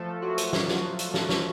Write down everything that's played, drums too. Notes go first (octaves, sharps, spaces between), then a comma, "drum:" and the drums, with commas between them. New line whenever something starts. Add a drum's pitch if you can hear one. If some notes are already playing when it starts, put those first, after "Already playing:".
Already playing: F3 A3 F4 A4
F#3 F#4
drum: hi-hat
drum: snare
drum: snare
drum: hi-hat
drum: snare
drum: snare